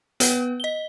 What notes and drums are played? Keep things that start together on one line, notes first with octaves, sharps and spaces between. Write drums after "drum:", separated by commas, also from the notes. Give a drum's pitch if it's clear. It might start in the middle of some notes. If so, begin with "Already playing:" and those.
B3 B4 F#5, drum: hi-hat
D#5 G7